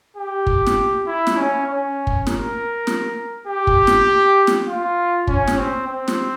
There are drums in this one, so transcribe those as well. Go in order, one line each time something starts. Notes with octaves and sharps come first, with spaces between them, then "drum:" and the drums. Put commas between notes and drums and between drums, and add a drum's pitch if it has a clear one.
G4
drum: kick
drum: snare
E4
drum: snare
C#4
C#4
drum: kick
A#4, drum: snare
drum: snare
G4
drum: kick
drum: snare
drum: snare
F4
C#4, drum: kick
drum: snare
C4
C4
drum: snare